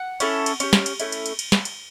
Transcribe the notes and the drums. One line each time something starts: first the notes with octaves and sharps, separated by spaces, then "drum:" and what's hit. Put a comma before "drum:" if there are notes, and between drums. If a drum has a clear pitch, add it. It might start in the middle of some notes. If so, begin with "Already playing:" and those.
Already playing: F#5
C#4 E4 A4, drum: cymbal
drum: cymbal
C#4 G4, drum: cymbal
drum: snare
drum: cymbal
A3 C#4 E4, drum: cymbal
drum: cymbal
drum: cymbal
drum: cymbal
drum: snare
drum: cymbal